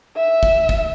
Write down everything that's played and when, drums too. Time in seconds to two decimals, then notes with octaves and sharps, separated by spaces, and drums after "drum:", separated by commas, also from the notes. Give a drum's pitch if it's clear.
0.16 E5
0.43 drum: kick
0.69 drum: kick